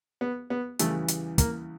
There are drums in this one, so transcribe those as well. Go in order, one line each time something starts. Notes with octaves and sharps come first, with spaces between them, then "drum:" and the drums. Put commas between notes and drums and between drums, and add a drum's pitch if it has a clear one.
B3
B3
E2 C#3 E3 G3 A3, drum: hi-hat
drum: hi-hat
A#3, drum: kick, hi-hat